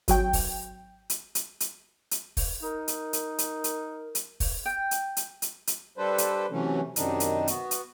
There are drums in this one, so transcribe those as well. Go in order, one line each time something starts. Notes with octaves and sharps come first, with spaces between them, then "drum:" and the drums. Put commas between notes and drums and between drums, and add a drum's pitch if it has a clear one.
G#1 F#3 G5, drum: hi-hat
drum: kick, open hi-hat
drum: hi-hat
drum: hi-hat
drum: hi-hat
drum: hi-hat
drum: kick, open hi-hat
D#4 A#4
drum: hi-hat
drum: hi-hat
drum: hi-hat
drum: hi-hat
drum: hi-hat
drum: kick, open hi-hat
G5
drum: hi-hat
drum: hi-hat
drum: hi-hat
drum: hi-hat
G3 D4 A4 B4 C5
drum: hi-hat
C3 E3 F#3 A3 C#4
F#2 C3 D#3 D4 D#4, drum: hi-hat
drum: hi-hat
B3 F#4, drum: hi-hat
drum: hi-hat